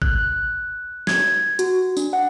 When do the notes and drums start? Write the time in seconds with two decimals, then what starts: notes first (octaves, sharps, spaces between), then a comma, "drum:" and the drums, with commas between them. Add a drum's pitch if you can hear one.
0.02 F#6, drum: kick
1.07 G#6, drum: snare
1.59 F#4, drum: hi-hat
1.97 D4, drum: tambourine
2.13 F#5